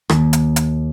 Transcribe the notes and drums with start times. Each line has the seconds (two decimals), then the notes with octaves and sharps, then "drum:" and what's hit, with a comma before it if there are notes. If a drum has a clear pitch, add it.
0.09 D#2, drum: rim click
0.33 drum: hi-hat
0.56 drum: hi-hat